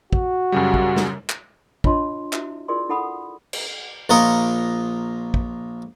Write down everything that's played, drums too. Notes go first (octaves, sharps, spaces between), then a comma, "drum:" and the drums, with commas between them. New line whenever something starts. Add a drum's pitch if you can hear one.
F#4, drum: kick
F#2 C#3 G3
drum: kick
drum: snare
drum: clap
D4 F4 C#5 D#5 A5 C6, drum: kick
E4 F#4 E5, drum: clap
E4 F4 G#4 A#4 D5 C6
D#4 E4 A4 F#5 B5 D#6
drum: cymbal
A#1 F4 A#4 D#5 C#6
drum: kick